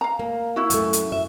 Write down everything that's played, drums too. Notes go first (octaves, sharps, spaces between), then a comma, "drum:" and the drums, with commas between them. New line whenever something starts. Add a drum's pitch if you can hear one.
F5 A#5
A#3
E4 F#4
F#2 A3, drum: hi-hat
drum: hi-hat
E5